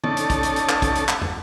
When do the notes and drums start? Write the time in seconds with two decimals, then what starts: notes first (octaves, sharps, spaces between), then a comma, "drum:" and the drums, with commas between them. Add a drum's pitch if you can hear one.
0.04 C#4 D#4 A4 D5 A5, drum: tom
0.17 drum: hi-hat
0.30 drum: kick, hi-hat
0.43 drum: hi-hat
0.56 drum: hi-hat
0.69 drum: clap
0.82 drum: kick, hi-hat
0.95 drum: hi-hat
1.08 drum: clap
1.22 drum: tom